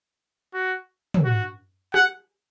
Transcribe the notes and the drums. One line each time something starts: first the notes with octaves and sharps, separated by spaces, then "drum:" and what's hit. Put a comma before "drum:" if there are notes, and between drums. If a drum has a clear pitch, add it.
F#4
drum: tom
F#4
F#5, drum: rim click